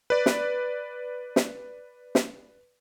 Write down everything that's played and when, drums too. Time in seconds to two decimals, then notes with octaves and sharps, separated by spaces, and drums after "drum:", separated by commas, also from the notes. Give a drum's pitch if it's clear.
0.10 B4 D5
0.26 drum: snare
1.36 drum: snare
2.15 drum: snare